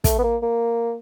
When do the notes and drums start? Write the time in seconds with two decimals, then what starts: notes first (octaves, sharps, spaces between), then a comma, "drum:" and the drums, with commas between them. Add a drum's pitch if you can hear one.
0.04 A3, drum: kick, hi-hat
0.19 B3
0.24 A#3
0.42 A#3